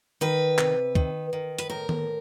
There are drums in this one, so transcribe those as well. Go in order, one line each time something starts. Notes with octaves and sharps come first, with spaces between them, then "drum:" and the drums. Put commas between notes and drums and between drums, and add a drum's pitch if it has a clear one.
D#3 B4
C3, drum: clap
D#3, drum: kick
D#3
B4, drum: hi-hat
A2 A#4
drum: tom D#3